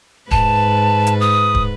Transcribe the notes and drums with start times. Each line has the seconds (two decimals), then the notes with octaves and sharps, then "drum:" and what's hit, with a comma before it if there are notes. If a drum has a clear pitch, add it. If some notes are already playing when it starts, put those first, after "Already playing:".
0.31 G#2 B4 A5, drum: kick
1.07 drum: hi-hat
1.21 D#6
1.55 drum: kick